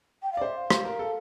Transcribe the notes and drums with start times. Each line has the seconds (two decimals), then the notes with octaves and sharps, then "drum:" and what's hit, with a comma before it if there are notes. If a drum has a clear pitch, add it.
0.22 G5
0.32 F5
0.37 D5
0.41 C5 E5
0.56 F5
0.70 C5, drum: rim click
0.85 A#4
0.99 A4